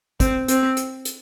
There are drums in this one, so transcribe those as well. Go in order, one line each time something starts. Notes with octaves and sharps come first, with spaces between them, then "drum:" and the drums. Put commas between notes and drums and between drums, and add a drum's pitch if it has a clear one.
C4, drum: kick, hi-hat
C4, drum: hi-hat
drum: hi-hat
drum: hi-hat